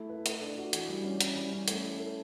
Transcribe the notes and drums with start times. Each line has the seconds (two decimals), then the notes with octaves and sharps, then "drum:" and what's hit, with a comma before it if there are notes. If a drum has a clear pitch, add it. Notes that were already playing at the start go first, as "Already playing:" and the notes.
Already playing: A3 E4
0.10 B4
0.26 A3, drum: hi-hat
0.41 D4
0.58 F#4
0.73 E3, drum: hi-hat
0.89 G3
1.04 C#4
1.21 E3, drum: hi-hat
1.36 G3
1.52 C#4
1.68 A3, drum: hi-hat
1.84 E4
1.99 A4